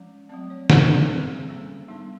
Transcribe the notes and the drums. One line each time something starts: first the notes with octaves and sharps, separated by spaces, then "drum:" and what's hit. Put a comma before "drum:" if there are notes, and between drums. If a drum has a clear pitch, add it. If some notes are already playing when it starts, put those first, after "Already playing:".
Already playing: F3 G#3 C#4
F#3 A3 C4 D5
C#5
D#3 G3 C4 C#5, drum: snare
C5
B4
A4
G3 C4 G#4
A4
G#4
G3 A#3 C#4
G3 B3 D4 D#4